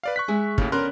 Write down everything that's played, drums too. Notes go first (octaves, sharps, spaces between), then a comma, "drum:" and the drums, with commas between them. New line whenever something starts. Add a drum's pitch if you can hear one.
B4 D5 F5
C#6 F#6 B6
G#3 G#4 E5
D#2 A2 C#3, drum: kick
D3 B3 C#4 A#4 C6 F#6